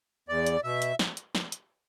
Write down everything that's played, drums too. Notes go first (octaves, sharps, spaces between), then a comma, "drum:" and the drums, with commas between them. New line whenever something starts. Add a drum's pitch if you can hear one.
E2 D5
drum: hi-hat
B2 E5
drum: hi-hat
drum: snare
drum: hi-hat
drum: snare
drum: hi-hat